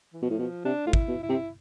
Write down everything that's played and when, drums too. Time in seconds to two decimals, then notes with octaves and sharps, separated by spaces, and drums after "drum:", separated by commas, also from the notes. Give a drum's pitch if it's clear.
0.13 E3
0.22 B2 F3
0.31 A2
0.39 B2
0.65 C3 D4
0.87 A2 F4
0.93 E4, drum: kick
1.08 B2
1.23 E4
1.29 C3